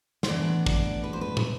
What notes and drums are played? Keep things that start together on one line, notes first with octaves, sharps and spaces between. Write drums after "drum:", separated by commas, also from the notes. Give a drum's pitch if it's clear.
C5, drum: snare
A2 E3 B3 D4 D5
D5, drum: kick
B4
C5
B4
drum: tom